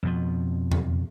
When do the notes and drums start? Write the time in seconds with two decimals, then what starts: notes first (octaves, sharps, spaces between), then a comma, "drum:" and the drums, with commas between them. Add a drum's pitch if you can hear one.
0.03 F2 B2 F3
0.72 drum: tom E2